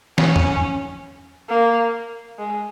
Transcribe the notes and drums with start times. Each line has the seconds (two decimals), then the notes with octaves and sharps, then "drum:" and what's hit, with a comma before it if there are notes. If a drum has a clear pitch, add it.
0.18 C#4, drum: snare
0.36 drum: tom E2
1.49 A#3
2.39 G#3